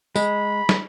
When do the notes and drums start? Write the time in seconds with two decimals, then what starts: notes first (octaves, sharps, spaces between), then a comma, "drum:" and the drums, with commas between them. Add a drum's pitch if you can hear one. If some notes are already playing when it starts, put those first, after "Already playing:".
0.16 G#3 B5, drum: tambourine
0.69 drum: snare